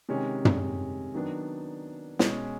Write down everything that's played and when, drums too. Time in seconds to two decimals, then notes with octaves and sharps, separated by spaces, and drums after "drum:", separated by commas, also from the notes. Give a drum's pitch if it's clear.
0.09 C3 D#3 G#3 C#4
0.45 drum: tom
1.14 D#3 F#3 B3 D4
2.19 B2 G#3 C#4, drum: snare